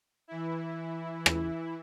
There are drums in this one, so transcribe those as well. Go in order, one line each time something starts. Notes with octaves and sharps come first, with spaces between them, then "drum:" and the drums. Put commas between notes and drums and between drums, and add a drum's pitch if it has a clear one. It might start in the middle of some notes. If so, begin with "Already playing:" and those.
E3 E4
drum: rim click